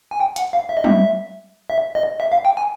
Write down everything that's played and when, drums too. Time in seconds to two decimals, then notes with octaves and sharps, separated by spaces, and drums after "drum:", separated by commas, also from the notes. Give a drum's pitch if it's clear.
0.11 G#5
0.20 G5
0.36 F#5, drum: hi-hat
0.53 F5
0.69 E5
0.77 D#5
0.84 E5, drum: tom F#3
1.70 E5
1.95 D#5
2.20 E5
2.32 F5
2.45 G5
2.57 G#5